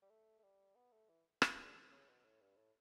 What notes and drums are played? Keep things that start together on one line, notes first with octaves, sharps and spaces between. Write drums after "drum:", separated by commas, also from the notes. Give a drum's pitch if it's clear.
G3
A3
A3
G3
B3
A3
E3
B2, drum: rim click
D3
C#3
B2
A2
G2
A2